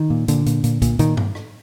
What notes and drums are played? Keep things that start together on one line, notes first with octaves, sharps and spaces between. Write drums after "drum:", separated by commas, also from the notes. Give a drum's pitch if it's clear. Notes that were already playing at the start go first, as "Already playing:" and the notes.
Already playing: D#3
A#2
A#2 D3, drum: hi-hat
A#2, drum: hi-hat
A#2, drum: hi-hat
A#2, drum: kick, hi-hat
A#2 D#3, drum: hi-hat
drum: tom G2
drum: rim click